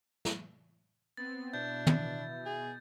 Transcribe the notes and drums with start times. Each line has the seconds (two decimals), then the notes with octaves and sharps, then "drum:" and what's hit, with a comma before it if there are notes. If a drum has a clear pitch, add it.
0.25 drum: snare
1.17 B3 C4 A6
1.54 B2 D4 E4 G6
1.87 drum: tom
2.45 G#4